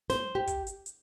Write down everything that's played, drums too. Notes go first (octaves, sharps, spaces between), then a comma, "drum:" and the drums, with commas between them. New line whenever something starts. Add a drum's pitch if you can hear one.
C5, drum: snare
G4
drum: kick, hi-hat
drum: hi-hat
drum: hi-hat